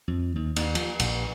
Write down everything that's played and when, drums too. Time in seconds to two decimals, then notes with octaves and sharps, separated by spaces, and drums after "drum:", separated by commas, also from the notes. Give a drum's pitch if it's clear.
0.08 F2
0.36 D#2
0.56 D#2, drum: cymbal
0.75 F3, drum: cymbal
0.99 A#1, drum: cymbal